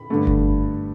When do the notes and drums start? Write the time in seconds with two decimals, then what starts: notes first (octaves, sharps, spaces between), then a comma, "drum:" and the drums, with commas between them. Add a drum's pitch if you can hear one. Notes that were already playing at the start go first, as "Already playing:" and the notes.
Already playing: B5
0.10 G2 D3 A3
0.27 drum: kick F#1